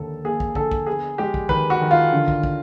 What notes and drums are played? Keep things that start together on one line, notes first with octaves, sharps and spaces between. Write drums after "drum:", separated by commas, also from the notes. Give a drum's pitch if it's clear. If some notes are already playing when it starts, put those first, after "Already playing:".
Already playing: D#2 D3 A4
A#3 G#4
drum: kick
D3 A4, drum: kick
drum: kick
B3 G#4
G#3 G4
drum: kick
D#3 B4, drum: kick
F#4
D#3
F4
D3
drum: kick
drum: kick